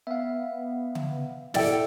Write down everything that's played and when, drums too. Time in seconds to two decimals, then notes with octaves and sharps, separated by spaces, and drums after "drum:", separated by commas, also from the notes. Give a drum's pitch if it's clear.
0.07 B3 E5 F5
0.95 drum: tom C#3
1.54 E4 A4 D5 G5, drum: snare